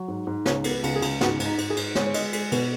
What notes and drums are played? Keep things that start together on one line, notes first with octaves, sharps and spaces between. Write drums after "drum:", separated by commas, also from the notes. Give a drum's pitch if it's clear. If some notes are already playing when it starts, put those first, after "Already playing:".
Already playing: F#3
G#2
G#2
C#2 C#5, drum: snare
B3, drum: cymbal
B4
C#2, drum: cymbal
G#4
C#2, drum: cymbal
G#2 F#4, drum: snare
G#2, drum: cymbal
D#4
G#2, drum: cymbal
G#4
G#2, drum: cymbal
G#3 C#5, drum: snare
C#5
G#3 D#5, drum: cymbal
G#3, drum: cymbal
B2 B4, drum: cymbal